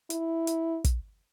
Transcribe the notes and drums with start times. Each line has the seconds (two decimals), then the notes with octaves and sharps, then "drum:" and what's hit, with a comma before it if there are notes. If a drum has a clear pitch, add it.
0.10 E4, drum: hi-hat
0.47 drum: hi-hat
0.84 drum: kick, hi-hat